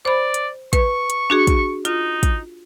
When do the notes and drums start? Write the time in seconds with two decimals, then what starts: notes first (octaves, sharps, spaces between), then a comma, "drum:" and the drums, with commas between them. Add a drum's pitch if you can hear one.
0.05 C5 D5 B5
0.34 drum: hi-hat
0.73 B4 C#6, drum: kick, hi-hat
1.10 drum: hi-hat
1.30 D4 F#4 G#4
1.47 drum: kick, hi-hat
1.85 D#4 F4, drum: hi-hat
2.23 drum: kick, hi-hat